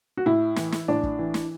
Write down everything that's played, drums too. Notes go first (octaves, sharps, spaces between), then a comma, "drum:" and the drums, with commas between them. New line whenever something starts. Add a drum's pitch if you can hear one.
F#4
A2 E4
E3, drum: snare
drum: snare
A2 D4
drum: kick
E3
drum: snare